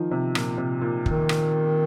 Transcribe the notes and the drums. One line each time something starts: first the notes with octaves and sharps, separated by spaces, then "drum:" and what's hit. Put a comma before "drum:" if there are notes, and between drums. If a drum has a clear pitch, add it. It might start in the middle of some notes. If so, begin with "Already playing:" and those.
Already playing: D#3 F3
C3
A#2, drum: rim click
C3
A#2
D#3, drum: kick
drum: rim click